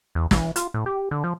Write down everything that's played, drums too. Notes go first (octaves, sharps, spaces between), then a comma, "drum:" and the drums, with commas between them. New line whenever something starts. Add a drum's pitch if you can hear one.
E2
E3, drum: snare
F4, drum: hi-hat
A2
G4
D3
F3